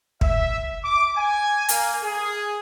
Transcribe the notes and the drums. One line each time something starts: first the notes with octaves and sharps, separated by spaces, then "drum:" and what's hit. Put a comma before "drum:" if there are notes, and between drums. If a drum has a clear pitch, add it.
E5, drum: kick
D6
G#5
A#3, drum: hi-hat
G#4